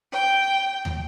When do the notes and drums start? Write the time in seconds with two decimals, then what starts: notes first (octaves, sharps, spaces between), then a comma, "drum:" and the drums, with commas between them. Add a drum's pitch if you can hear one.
0.13 G5
0.85 drum: tom